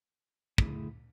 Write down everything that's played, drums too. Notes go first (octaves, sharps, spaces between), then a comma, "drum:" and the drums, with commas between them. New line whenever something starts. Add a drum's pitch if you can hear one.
D3 A3 E4 G#4, drum: kick